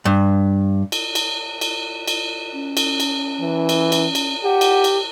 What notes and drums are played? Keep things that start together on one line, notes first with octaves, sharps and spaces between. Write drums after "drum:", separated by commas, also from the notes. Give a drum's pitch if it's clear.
G2
drum: cymbal
drum: cymbal
drum: cymbal
drum: cymbal
C#4
drum: cymbal
drum: cymbal
E3
drum: cymbal
drum: cymbal
drum: cymbal
G4 F#5
drum: cymbal
drum: cymbal